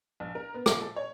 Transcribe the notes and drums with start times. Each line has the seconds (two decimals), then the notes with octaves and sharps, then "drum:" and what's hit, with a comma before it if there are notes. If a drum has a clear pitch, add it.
0.20 A#1
0.35 A#4
0.54 B3
0.66 D6, drum: rim click
0.81 A4
0.96 C#5